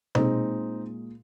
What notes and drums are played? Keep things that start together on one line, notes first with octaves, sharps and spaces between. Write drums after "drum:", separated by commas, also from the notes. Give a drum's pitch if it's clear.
A#2 G#3 C4 D#4, drum: tom B2